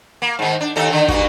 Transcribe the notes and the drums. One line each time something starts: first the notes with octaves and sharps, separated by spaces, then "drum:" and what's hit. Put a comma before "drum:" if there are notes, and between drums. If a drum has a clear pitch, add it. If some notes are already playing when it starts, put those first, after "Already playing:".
A#3
G#2 D#3
D4
D#2 D#4 A4
D3 D#3
G2 A#3 F#4, drum: kick